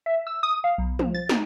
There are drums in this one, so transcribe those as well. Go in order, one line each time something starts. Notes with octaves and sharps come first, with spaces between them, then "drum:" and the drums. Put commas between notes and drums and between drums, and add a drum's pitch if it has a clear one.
E5
E6
D#6
F5
B1
F3, drum: tom
A6
D#4, drum: snare